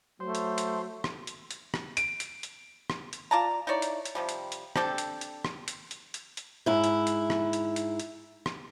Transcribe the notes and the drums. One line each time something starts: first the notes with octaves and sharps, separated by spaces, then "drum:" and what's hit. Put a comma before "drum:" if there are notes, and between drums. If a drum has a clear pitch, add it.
F#3 A3 C5
drum: hi-hat
drum: hi-hat
drum: rim click
drum: hi-hat
drum: hi-hat
drum: rim click
D7, drum: hi-hat
drum: hi-hat
drum: hi-hat
drum: rim click
drum: hi-hat
F4 D5 A5 A#5
D#4 E4 C#5 D5
drum: hi-hat
drum: hi-hat
C3 F3 G3
drum: hi-hat
drum: hi-hat
C4 D4 G4 A4, drum: rim click
drum: hi-hat
drum: hi-hat
drum: rim click
drum: hi-hat
drum: hi-hat
drum: hi-hat
drum: hi-hat
G#2 E4
drum: hi-hat
drum: hi-hat
drum: rim click
drum: hi-hat
drum: hi-hat
drum: hi-hat
drum: rim click